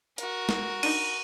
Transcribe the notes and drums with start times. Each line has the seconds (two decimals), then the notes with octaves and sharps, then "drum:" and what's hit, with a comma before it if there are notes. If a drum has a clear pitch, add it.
0.18 F#4 A#4, drum: hi-hat
0.49 drum: snare
0.83 D4 D#4 D#7, drum: cymbal